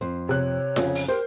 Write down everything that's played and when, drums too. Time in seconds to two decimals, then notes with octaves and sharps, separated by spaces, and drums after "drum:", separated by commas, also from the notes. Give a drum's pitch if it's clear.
0.01 F2 C5
0.29 C3 C#5 F#6
0.76 F2 C#3, drum: snare F4
0.95 drum: open hi-hat
1.08 G4 A#4 C5